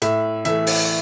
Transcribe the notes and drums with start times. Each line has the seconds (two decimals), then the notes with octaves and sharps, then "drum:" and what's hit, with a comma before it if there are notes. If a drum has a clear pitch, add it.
0.02 A2 E5, drum: hi-hat
0.45 E3 A3 E5, drum: hi-hat
0.67 drum: open hi-hat